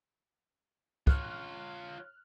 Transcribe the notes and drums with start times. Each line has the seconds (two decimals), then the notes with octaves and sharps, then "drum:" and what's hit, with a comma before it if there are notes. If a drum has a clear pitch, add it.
1.07 F4 C#5 F6 F#6, drum: kick